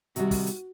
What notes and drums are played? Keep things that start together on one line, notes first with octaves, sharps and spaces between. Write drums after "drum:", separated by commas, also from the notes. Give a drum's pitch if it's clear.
C3 D#3 G3 F#4, drum: hi-hat
drum: kick, open hi-hat
drum: hi-hat